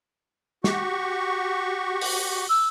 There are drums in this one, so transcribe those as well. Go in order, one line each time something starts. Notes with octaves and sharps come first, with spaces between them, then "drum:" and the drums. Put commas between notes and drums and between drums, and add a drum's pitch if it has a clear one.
F#4 G4 C#6, drum: snare
drum: open hi-hat
E6